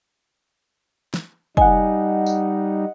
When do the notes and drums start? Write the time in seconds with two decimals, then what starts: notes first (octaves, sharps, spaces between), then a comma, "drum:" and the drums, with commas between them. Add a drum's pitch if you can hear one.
1.14 drum: snare
1.57 G3 D#4 D#5 F#5 G#5, drum: kick
2.26 drum: tambourine